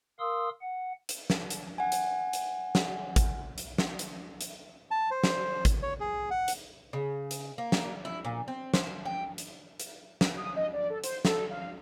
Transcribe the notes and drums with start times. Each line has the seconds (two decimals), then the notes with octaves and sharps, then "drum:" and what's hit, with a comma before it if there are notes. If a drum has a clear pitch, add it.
0.19 A#4 F5 C6 D#6 E6
0.62 F#5
1.09 drum: hi-hat
1.30 drum: snare
1.50 drum: hi-hat
1.78 F#5 G#5
1.92 drum: hi-hat
2.33 drum: hi-hat
2.75 drum: snare
3.16 drum: kick G#1, hi-hat
3.58 drum: hi-hat
3.78 drum: snare
3.99 drum: hi-hat
4.41 drum: hi-hat
4.91 A5
5.11 C5
5.24 drum: snare
5.65 drum: kick G#1, hi-hat
5.82 C#5
6.00 G#4
6.31 F#5
6.48 drum: hi-hat
6.93 C#3
7.31 drum: hi-hat
7.58 A#3
7.72 drum: snare
8.05 E4
8.25 A#2
8.48 C4
8.74 C5, drum: snare
9.05 G5
9.38 drum: hi-hat
9.80 drum: hi-hat
10.21 drum: snare
10.37 D#6
10.56 D#5
10.73 D5
10.90 A4
11.04 C5, drum: hi-hat
11.25 A4, drum: snare
11.50 F5